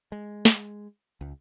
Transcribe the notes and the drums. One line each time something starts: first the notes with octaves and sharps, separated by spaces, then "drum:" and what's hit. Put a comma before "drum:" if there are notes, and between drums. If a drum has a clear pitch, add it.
G#3
drum: snare
C#2